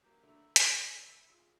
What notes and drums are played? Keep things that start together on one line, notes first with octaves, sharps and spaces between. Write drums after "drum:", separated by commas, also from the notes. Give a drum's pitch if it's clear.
F#3 A#3 G4
D3 F#3 A3 E4
D#3, drum: hi-hat
F4 G#4